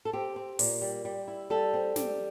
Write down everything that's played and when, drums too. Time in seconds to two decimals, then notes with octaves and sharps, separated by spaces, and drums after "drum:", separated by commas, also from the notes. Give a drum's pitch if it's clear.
0.05 A4
0.13 C4 G4
0.36 C4
0.59 A#2, drum: open hi-hat
0.82 G3
1.05 G3
1.28 E4
1.50 G3 A4
1.74 C4
1.96 G3, drum: snare